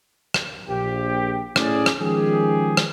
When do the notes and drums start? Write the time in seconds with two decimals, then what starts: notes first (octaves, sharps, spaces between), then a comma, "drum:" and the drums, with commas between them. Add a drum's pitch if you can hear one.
0.34 drum: rim click
0.68 A#1 G4
1.56 A2 C#4 G#4 D5, drum: rim click
1.86 drum: rim click
2.00 D#3 F3 G#3 C#4 G4 G#4
2.77 drum: rim click